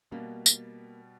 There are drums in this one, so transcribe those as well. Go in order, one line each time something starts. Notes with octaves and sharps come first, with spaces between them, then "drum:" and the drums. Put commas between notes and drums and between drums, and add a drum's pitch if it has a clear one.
B2 G3 A#3 B3
drum: tambourine